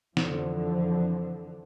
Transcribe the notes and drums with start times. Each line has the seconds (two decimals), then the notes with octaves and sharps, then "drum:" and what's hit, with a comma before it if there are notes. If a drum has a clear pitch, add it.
0.17 F2 D3 E3 F3, drum: snare